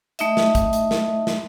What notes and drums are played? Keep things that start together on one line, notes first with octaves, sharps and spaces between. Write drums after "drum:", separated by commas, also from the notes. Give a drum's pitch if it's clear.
A3 D#4 D#5 E5, drum: hi-hat
drum: snare
drum: kick, hi-hat
drum: hi-hat
drum: snare
drum: snare